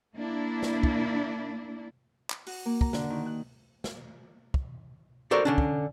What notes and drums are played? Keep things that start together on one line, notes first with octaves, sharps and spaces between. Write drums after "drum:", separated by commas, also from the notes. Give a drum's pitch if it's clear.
A#3 D4 E4
drum: snare
drum: kick
drum: clap
F#4, drum: open hi-hat
A#3
A#5, drum: kick
D3, drum: snare
D#3
F#6
drum: snare
drum: kick
F#4 A4 A#4 C5 D5
D3 C#4 D4
drum: kick